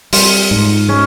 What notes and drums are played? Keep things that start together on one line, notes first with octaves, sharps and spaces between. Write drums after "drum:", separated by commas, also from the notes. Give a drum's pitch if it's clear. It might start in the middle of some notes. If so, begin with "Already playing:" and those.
G3 F4, drum: open hi-hat
G#2
G#3 C#4